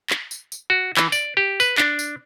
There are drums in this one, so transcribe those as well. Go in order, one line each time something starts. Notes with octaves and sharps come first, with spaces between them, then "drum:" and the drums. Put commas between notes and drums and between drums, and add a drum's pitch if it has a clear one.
drum: clap
drum: tambourine
drum: tambourine
F#4
E3, drum: clap
D5, drum: tambourine
G4
B4, drum: tambourine
D4, drum: clap
drum: tambourine